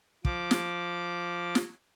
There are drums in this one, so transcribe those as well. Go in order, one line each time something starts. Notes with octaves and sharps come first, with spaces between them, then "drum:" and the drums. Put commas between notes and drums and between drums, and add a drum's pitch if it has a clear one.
F3 D6, drum: kick
drum: snare
drum: snare